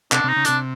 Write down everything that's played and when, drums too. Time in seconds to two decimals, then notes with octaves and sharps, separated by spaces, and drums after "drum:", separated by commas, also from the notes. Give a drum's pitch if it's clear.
0.12 C3 D4, drum: clap
0.24 C3
0.28 D#4
0.36 C#3
0.45 C3 D4, drum: hi-hat